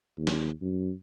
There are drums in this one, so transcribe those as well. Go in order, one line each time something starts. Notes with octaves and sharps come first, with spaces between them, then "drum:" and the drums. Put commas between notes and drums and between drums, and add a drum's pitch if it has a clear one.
D#2
drum: snare
F#2